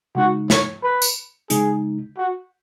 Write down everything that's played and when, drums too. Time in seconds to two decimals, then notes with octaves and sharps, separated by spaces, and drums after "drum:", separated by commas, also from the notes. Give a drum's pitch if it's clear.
0.15 C#3 G#3 D#4 F#4
0.50 C#5, drum: snare
0.83 B4
1.02 drum: tambourine
1.50 C#3 G#3 D#4 G#4, drum: hi-hat
2.18 F#4